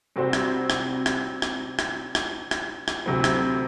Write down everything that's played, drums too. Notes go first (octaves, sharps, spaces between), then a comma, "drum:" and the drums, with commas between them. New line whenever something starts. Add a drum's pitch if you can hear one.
C3 G3 C4 F#4 C5
drum: rim click
drum: rim click
drum: rim click
drum: rim click
drum: rim click
drum: rim click
drum: rim click
drum: rim click
D2 C3 F#3 C4 E4
drum: rim click